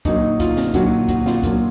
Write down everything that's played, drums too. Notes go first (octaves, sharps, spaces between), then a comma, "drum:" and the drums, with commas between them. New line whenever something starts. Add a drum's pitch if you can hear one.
A#2 F#3 D#4, drum: kick, hi-hat
F4, drum: kick, hi-hat
drum: snare
A#2 F#3 F#4, drum: kick, hi-hat
F#4, drum: kick, hi-hat
F4, drum: snare
A#2 F#3, drum: kick, hi-hat